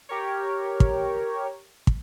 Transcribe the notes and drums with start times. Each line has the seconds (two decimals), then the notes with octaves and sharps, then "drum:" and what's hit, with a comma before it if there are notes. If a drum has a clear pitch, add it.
0.09 G4 A#4 C#5
0.80 drum: kick
1.87 drum: kick